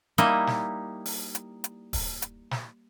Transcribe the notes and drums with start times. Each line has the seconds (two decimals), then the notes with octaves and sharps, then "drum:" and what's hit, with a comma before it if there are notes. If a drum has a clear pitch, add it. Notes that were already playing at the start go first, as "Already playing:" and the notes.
0.18 G3 A#3 D#4 E4 D#5, drum: hi-hat
0.47 drum: snare
1.06 drum: open hi-hat
1.35 drum: hi-hat
1.64 drum: hi-hat
1.93 drum: kick, open hi-hat
2.22 drum: hi-hat
2.51 drum: snare